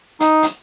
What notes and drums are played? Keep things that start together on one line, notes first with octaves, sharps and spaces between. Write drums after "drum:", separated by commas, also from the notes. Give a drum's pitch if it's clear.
D#4, drum: hi-hat
drum: hi-hat